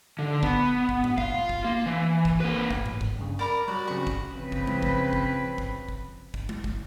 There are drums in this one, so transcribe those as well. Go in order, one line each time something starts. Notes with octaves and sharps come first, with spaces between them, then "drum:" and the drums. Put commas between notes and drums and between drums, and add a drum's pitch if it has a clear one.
D3
B3, drum: kick
drum: kick
drum: tom A2
F4 F5, drum: kick
drum: kick
A#3
E3
drum: kick
A#3 B4
drum: kick
drum: tom G#2
drum: kick
G2 C#3
A#4 D5 A#5 B5 D6
F#3 G3 F#4 D5
C#3 C4 B5 C#6
drum: kick
C#3 F3 C4 B4
drum: kick
drum: tom G#3
drum: kick
drum: kick
drum: kick
drum: kick
drum: kick
drum: tom G#3
drum: kick